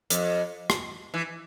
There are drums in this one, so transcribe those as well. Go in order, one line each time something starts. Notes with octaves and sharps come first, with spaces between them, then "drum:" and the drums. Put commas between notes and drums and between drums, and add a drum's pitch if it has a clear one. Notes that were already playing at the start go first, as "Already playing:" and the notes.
F2, drum: hi-hat
drum: rim click
E3